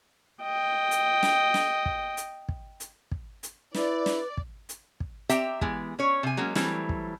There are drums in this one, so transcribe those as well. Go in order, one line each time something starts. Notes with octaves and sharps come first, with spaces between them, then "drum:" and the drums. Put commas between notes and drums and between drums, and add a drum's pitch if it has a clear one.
D#5 G5
drum: hi-hat
drum: snare
drum: snare
drum: kick
drum: hi-hat
drum: kick
drum: hi-hat
drum: kick
drum: hi-hat
E4 B4 D5, drum: snare
drum: snare
drum: kick
drum: hi-hat
drum: kick
C4 G4 E5 G5 A#5, drum: hi-hat
E3 G#3 B3, drum: kick
C#4 C#5
C3 G#5
F#3 G#3 A#3 C#4
E3 F#3 G3 A3 C4, drum: snare
drum: kick